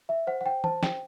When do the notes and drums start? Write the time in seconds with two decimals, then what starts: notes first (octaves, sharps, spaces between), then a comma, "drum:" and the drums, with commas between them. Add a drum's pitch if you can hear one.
0.09 E5
0.27 C5 F#5
0.41 F#5
0.46 G5
0.64 C5 A5, drum: tom E3
0.83 G5, drum: snare